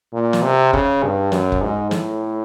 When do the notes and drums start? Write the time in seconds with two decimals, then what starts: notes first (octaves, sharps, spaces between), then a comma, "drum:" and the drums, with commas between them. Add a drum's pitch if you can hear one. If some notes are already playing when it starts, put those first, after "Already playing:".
0.13 A#2
0.33 drum: snare
0.43 C3
0.73 C#3, drum: kick F1
1.03 G2
1.32 F#2, drum: snare
1.52 drum: kick F1
1.61 G#2
1.91 A2, drum: snare